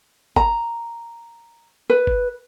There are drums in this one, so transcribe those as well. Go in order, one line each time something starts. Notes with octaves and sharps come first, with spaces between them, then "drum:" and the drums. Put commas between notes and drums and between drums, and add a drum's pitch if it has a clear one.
A#5, drum: kick G#1
B4
drum: kick G#1